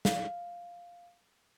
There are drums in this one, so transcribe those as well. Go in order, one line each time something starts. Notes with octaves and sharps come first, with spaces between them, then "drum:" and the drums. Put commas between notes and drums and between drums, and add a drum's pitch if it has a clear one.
F5, drum: snare